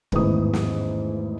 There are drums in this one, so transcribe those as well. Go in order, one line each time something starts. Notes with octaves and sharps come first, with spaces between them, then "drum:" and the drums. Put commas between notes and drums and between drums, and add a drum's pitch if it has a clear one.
A1 E2 G#2 D#3 E4 D#6, drum: kick
drum: snare